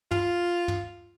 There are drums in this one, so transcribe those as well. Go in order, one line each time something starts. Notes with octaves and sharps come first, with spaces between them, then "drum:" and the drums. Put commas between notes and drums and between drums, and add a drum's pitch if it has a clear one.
F4, drum: tom
drum: tom